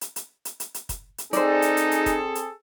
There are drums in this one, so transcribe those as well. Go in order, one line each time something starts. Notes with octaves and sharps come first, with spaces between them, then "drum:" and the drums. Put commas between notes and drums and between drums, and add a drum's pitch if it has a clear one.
drum: hi-hat
drum: hi-hat
drum: hi-hat
drum: hi-hat
drum: hi-hat
drum: kick, hi-hat
drum: hi-hat
C4 D#4 G#4 A4 C5 D5, drum: hi-hat
drum: hi-hat
drum: hi-hat
drum: hi-hat
drum: kick, hi-hat
drum: hi-hat